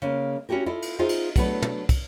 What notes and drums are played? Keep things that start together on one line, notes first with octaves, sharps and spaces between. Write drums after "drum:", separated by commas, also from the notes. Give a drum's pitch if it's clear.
C#3 G#3 A#3
C#4 E4 F#4 G4 A#4
E4 F4 A4 D#5
drum: cymbal
D#4 F4 G#4 C5 D#5 E5
drum: cymbal
F#3 A3 B3 D4 B4, drum: kick, cymbal
drum: tom
drum: kick, cymbal